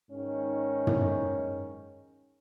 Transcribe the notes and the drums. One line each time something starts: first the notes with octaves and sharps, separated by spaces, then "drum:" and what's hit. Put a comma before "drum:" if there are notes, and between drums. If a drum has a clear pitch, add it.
G#2 D#3 C#4
drum: tom